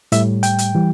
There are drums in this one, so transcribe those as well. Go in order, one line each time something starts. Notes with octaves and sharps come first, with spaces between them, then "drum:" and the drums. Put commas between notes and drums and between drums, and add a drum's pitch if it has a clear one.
A2 G3 E5, drum: hi-hat
G5, drum: hi-hat
drum: hi-hat
E3 G3